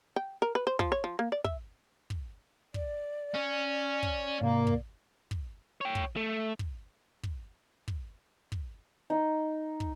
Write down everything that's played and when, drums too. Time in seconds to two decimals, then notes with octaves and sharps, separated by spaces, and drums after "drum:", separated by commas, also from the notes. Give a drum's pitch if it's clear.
0.16 G5
0.42 A#4
0.55 B4
0.67 C5
0.79 F3, drum: kick
0.92 C#5
1.04 F3
1.19 A#3
1.32 D5
1.44 E5, drum: kick
2.10 drum: kick
2.74 D5, drum: kick
3.34 C#4
4.03 drum: kick
4.41 G#2 C3 A#3
4.67 drum: kick
5.31 drum: kick
5.81 C#5 G5
5.95 drum: kick
6.16 A3
6.59 drum: kick
7.23 drum: kick
7.88 drum: kick
8.52 drum: kick
9.10 D#4
9.80 drum: kick